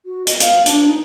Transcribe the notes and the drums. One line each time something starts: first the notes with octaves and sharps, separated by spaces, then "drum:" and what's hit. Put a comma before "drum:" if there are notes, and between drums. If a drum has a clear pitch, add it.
F#4
D#5, drum: hi-hat
F5, drum: hi-hat
D4, drum: hi-hat
D#4